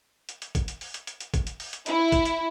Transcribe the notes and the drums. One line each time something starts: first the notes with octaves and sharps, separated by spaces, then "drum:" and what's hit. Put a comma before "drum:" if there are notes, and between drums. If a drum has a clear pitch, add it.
drum: hi-hat
drum: hi-hat
drum: kick, hi-hat
drum: hi-hat
drum: open hi-hat
drum: hi-hat
drum: hi-hat
drum: hi-hat
drum: kick, hi-hat
drum: hi-hat
drum: open hi-hat
drum: hi-hat
E4, drum: hi-hat
drum: kick, hi-hat
drum: hi-hat